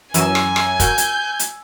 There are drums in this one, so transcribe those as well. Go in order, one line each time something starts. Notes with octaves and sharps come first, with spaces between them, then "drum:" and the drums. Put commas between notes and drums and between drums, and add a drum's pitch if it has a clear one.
F#2 E3 F#3 G#5 E6 D#7 E7, drum: hi-hat
drum: rim click
drum: rim click
F#4 A#4 G6 G#6, drum: kick, hi-hat
drum: hi-hat
drum: hi-hat